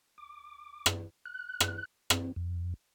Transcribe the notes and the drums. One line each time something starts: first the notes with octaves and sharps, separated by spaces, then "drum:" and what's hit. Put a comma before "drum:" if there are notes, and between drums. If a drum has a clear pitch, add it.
D6
drum: rim click
F#6
drum: rim click
C4, drum: rim click
F2